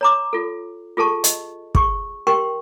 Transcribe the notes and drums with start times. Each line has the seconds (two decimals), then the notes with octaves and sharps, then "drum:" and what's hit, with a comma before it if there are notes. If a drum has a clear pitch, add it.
0.01 C#5 A#5 D6
0.33 F4 A4
0.97 F4 G#4 A4 A5 C#6
1.24 D#5, drum: hi-hat
1.75 G#4 C#6, drum: kick
2.27 G4 A#4 G5 C6 C#6